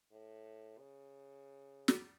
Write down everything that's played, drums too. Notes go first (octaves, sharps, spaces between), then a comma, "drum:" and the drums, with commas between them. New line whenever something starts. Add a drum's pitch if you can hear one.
A2
C#3
drum: snare